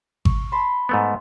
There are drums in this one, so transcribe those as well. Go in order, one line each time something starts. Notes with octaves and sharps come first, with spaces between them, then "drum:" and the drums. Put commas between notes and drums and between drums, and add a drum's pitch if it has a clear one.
C#6, drum: kick G#1
A5 B5 C6
G#2 A3 B3